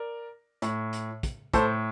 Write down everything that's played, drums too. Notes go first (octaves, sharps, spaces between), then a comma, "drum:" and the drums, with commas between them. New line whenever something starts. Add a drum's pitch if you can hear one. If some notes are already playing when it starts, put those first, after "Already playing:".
Already playing: A#4 D5
A2, drum: hi-hat
drum: hi-hat
drum: kick, hi-hat
A2 A4 C5, drum: kick, hi-hat